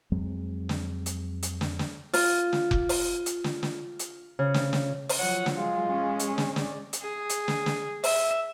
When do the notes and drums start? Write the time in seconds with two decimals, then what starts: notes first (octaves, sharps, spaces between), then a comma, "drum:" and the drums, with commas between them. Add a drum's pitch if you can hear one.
0.12 F2 F#3 G#3 C4
0.69 drum: snare
1.06 drum: hi-hat
1.43 drum: hi-hat
1.61 drum: snare
1.79 drum: snare
2.13 F4, drum: open hi-hat
2.53 drum: snare
2.71 drum: kick F1
2.89 drum: open hi-hat
3.26 drum: hi-hat
3.44 drum: snare
3.63 drum: snare
3.99 drum: hi-hat
4.39 C#3
4.54 drum: snare
4.73 drum: snare
5.09 drum: open hi-hat
5.19 F3 F#3 C#5 F#5
5.46 drum: snare
5.56 G#3 F4
5.89 C#4
6.19 drum: hi-hat
6.38 drum: snare
6.56 D5, drum: snare
6.93 drum: hi-hat
7.02 G#4
7.29 drum: hi-hat
7.48 drum: snare
7.66 drum: snare
8.04 E5, drum: open hi-hat